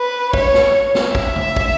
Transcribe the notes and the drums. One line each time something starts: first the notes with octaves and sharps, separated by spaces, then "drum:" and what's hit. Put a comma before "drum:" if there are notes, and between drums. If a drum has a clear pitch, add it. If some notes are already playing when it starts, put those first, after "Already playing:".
Already playing: B4
C#5, drum: kick
drum: snare
drum: snare
E5, drum: kick
drum: tom
drum: kick